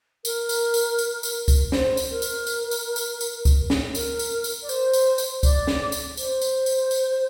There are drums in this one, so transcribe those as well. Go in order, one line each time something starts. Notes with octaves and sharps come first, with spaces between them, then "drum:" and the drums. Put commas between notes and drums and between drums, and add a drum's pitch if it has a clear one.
A#4, drum: tambourine
drum: tambourine
drum: tambourine
drum: tambourine
drum: tambourine
drum: kick, tambourine
C5, drum: snare
drum: tambourine
A#4
drum: tambourine
drum: tambourine
drum: tambourine
drum: tambourine
drum: tambourine
drum: kick, tambourine
drum: snare
A#4, drum: tambourine
drum: tambourine
drum: tambourine
D5
C5, drum: tambourine
drum: tambourine
drum: tambourine
D5, drum: kick, tambourine
drum: snare
drum: tambourine
C5, drum: tambourine
drum: tambourine
drum: tambourine
drum: tambourine